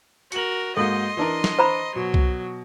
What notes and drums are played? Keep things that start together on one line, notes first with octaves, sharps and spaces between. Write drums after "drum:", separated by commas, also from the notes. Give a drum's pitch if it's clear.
F#4 A#4 C#7 F#7, drum: hi-hat
G#2 A#3 F#4 A4 D#5 C6
E3 D4 A#4
drum: snare
C5 A#5 B5
B2 F#3
drum: kick C2